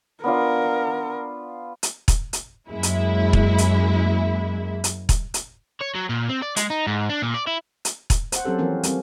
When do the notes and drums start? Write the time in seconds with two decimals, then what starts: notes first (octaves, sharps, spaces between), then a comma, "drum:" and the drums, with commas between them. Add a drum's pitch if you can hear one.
0.24 B3 D4 F4 A#4
1.83 drum: hi-hat
2.08 drum: kick E1, hi-hat
2.33 drum: hi-hat
2.68 F#2 G#3 A#3 E4
2.83 drum: hi-hat
3.33 drum: kick E1
3.58 drum: hi-hat
4.84 drum: hi-hat
5.09 drum: kick E1, hi-hat
5.34 drum: hi-hat
5.81 C#5
5.95 F#3
6.09 A#2
6.29 C4
6.42 D5
6.56 G#3, drum: hi-hat
6.70 D#4
6.87 G#2
7.10 D4
7.22 A#2
7.34 D5
7.47 E4
7.85 drum: hi-hat
8.10 drum: kick E1, hi-hat
8.32 C5 F#5, drum: hi-hat
8.45 F#3 C4 C#4 G4 A4 C5
8.58 E3 F3 A#3 C4 C#4 A#4
8.83 G3 C4, drum: hi-hat